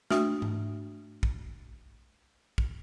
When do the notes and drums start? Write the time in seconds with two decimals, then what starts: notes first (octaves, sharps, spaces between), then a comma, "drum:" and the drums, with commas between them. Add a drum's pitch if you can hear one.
0.10 A3 D4 F#4 E5 D#6 F6, drum: snare
0.42 drum: tom G#2
1.23 drum: kick
2.58 drum: kick